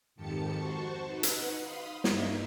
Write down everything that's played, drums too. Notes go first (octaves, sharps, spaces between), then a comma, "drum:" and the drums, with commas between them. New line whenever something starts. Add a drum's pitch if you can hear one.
F2 G#2 D#3 G4 A5 C#7
F#4 C5 A5 C#6
D#4 B4 F#5
drum: hi-hat
F5 B5 C6 D#6
G2 A#3 D#4 E5, drum: snare